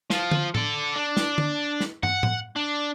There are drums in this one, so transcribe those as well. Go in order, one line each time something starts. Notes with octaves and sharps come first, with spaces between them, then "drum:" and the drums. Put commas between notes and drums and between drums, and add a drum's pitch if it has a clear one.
F3 F4, drum: snare
drum: tom
A4 D5, drum: tom A2
D4
drum: snare
drum: tom
drum: snare
F#5, drum: tom
drum: tom A2
D4